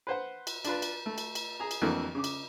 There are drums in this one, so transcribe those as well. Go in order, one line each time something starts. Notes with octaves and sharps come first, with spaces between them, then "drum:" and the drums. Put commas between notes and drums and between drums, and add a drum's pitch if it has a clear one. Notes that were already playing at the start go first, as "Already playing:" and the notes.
B4 C5 F#5
drum: cymbal
D4 F4 B4, drum: cymbal
drum: cymbal
A3
drum: cymbal
drum: cymbal
G#4 A#5
drum: cymbal
F2 D3 E3 F#3 A3 A#3
C#3 D6
drum: cymbal